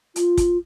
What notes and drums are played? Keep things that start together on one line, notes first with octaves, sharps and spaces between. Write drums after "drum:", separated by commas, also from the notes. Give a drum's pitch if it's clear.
F4, drum: hi-hat
drum: kick, hi-hat